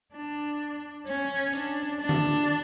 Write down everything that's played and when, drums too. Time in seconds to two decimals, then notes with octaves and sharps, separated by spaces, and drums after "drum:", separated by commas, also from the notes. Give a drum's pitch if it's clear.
0.14 D4
1.07 C#4, drum: tambourine
1.53 D4, drum: hi-hat
2.00 D4
2.09 drum: tom D3